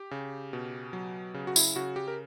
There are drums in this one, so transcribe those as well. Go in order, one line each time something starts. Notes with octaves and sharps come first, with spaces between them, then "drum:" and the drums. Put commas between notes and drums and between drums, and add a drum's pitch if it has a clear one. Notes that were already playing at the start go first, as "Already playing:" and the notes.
Already playing: G4
C#3
B2
F#3
C#3
F#4
E4, drum: tambourine
C#3 F#4
G4
A#4